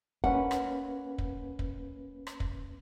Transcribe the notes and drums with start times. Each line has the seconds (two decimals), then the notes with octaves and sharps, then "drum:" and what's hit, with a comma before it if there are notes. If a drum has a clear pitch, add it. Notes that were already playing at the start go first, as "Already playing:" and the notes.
0.24 A#3 C#4 B4 F#5, drum: kick
0.51 drum: rim click
1.18 drum: kick
1.59 drum: kick
2.27 drum: rim click
2.40 drum: kick